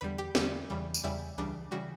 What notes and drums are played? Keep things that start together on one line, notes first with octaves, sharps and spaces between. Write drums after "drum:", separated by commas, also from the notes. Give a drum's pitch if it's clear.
E2 D3 G3 B4
G4
E2 D3 G3 G4, drum: snare
E2 C#3 E3 G3
drum: tambourine
E2 C#3 E3 G3 E4
C#2 C#3 E3 G3 D4
C#3 E3 G3 F#4